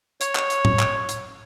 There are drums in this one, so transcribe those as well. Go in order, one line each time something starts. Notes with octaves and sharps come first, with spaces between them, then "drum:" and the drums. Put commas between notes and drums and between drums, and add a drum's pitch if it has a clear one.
C#5, drum: hi-hat
drum: clap
drum: hi-hat
drum: tom
drum: clap
drum: hi-hat